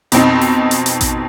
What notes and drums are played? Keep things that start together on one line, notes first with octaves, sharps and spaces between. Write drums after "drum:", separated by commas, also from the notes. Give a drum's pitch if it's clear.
F2 B2 C4 D#4, drum: hi-hat
drum: open hi-hat
drum: hi-hat
drum: hi-hat
drum: kick A1, hi-hat